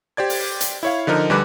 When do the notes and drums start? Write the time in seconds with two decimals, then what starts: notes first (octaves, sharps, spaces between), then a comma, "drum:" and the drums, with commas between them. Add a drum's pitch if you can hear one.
0.17 G4 C5 D5 G#6
0.30 drum: open hi-hat
0.61 drum: hi-hat
0.83 E4 C#5 F5
1.07 D3 F3 D#4 A#4
1.30 D2 D3 G3 B4 D6 F#6